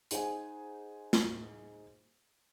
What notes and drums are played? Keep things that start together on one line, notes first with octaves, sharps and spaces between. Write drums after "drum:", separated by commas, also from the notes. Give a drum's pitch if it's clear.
D#4 G#4 C5 F#5 G#5, drum: hi-hat
drum: snare